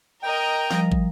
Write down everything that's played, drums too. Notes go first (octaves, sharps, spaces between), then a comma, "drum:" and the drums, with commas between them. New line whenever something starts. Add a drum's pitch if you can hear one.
A#4 D#5 G5 A#5
F3 G3 A#6, drum: snare
drum: kick